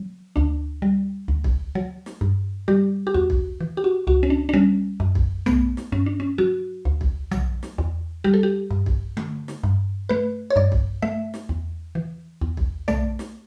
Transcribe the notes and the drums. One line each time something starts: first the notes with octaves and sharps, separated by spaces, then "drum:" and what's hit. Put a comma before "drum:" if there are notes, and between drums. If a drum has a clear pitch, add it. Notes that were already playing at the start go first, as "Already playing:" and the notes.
Already playing: F#3
D2 D4
G3
D2
drum: kick
F#3
drum: snare
G2
G3 G4
G4
E2 F#4
drum: kick
E3
G4
F#4
C#2 F#4
C#4
D4
D4
G3 C#4
F#2
drum: kick
A3 B3, drum: tom
drum: snare
G2 C#4
D4
C#4
F#3 F#4
D2
drum: kick
F#3, drum: tom
drum: snare
E2
G3 G4
A4
G4
G2
drum: kick
A3, drum: tom D3
drum: snare
G2
A3 B4
C#5
G2 D5
drum: kick
A3 E5
drum: snare
E2
E3
E2
drum: kick
A3 D5, drum: tom
drum: snare